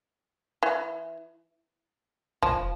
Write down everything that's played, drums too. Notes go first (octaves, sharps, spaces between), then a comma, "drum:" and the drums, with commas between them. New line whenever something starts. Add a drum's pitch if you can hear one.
E3
F3, drum: kick